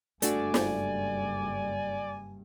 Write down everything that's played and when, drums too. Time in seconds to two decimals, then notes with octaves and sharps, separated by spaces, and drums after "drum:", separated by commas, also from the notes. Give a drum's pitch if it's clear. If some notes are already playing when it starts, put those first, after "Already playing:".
0.22 F#1 G2 A3 D4 F#4 D5 G#5, drum: hi-hat
0.54 drum: snare